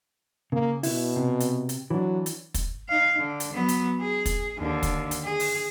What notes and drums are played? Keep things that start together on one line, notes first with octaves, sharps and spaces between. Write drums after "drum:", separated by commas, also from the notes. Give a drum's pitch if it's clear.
C#3 A#3
B2 E4, drum: open hi-hat
C3
drum: hi-hat
drum: hi-hat
E3 F#3 D4
drum: hi-hat
drum: kick, hi-hat
D#4 F5
D3
drum: hi-hat
F#3 B3
drum: hi-hat
G#4
drum: kick, hi-hat
D#2 D3
drum: kick, hi-hat
drum: hi-hat
G#4
drum: open hi-hat